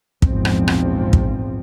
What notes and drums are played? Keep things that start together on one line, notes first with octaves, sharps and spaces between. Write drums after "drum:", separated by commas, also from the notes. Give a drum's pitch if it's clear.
A#1 E2 G#2 F3 C4, drum: kick
drum: rim click
drum: rim click
drum: kick